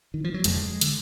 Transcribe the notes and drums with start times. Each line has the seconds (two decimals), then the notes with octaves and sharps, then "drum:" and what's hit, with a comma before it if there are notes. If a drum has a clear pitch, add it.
0.14 D#3
0.24 F3
0.34 F#3
0.44 F1 F2 D3 G#3, drum: hi-hat
0.81 D3, drum: hi-hat